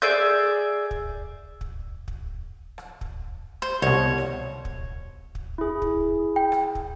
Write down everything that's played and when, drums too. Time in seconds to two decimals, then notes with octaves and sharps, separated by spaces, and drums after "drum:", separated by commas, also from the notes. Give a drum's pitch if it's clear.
0.02 G#4 D5 E5 G6
0.91 drum: kick
1.61 drum: kick
2.08 drum: kick
2.78 drum: rim click
3.01 drum: kick
3.62 C5
3.82 C2 B2 C#5
4.18 drum: rim click
4.65 drum: kick
5.35 drum: kick
5.58 E4 G#4
5.82 drum: kick
6.36 G5
6.52 drum: rim click
6.75 drum: kick